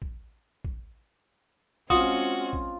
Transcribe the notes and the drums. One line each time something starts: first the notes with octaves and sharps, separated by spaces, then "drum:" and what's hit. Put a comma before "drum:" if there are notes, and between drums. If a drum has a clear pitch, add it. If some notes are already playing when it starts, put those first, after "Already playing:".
drum: kick
drum: kick
G#3 C4 C#4 F4 F#4 D#6, drum: kick
drum: kick